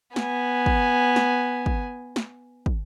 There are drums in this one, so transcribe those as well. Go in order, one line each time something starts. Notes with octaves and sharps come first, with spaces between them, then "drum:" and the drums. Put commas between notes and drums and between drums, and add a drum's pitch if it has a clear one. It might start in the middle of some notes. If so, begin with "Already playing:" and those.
B3 G#5, drum: snare
drum: kick
drum: snare
drum: kick
drum: snare
drum: kick